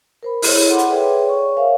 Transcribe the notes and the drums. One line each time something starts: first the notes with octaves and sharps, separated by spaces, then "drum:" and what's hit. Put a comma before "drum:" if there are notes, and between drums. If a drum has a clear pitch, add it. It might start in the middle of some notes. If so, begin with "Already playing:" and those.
A#4 C5 B5
E4 G#4 C#5, drum: open hi-hat
A4 F#5 B5 C6 D6
drum: hi-hat
G#4 B4 C#5 D5 E5 G5
C#5 C#6
A#4 C5 C#5 E5 F5 G#5